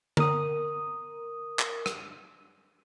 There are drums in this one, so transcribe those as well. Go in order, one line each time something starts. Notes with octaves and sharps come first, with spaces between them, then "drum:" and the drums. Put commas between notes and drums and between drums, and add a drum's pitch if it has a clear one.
A#4 D#6, drum: tom D3
drum: clap
drum: rim click